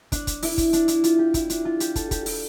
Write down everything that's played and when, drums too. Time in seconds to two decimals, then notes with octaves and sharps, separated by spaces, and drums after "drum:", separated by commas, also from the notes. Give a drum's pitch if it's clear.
0.12 D4, drum: kick, hi-hat
0.27 drum: kick, hi-hat
0.43 E4, drum: open hi-hat
0.58 drum: kick, hi-hat
0.73 D4, drum: hi-hat
0.88 E4, drum: hi-hat
1.04 F4, drum: hi-hat
1.19 G4
1.34 E4, drum: kick, hi-hat
1.50 D4, drum: hi-hat
1.65 F4
1.80 G4, drum: hi-hat
1.96 A4, drum: kick, hi-hat
2.11 G4, drum: kick, hi-hat
2.26 G4, drum: open hi-hat